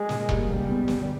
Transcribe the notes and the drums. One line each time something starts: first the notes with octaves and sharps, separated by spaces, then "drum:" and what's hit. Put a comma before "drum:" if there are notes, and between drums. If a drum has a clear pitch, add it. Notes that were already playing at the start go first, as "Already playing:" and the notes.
Already playing: G#3
A#2, drum: snare
G3 A#3, drum: kick E1
C#2 G3
B2 G#3 B3
G1, drum: snare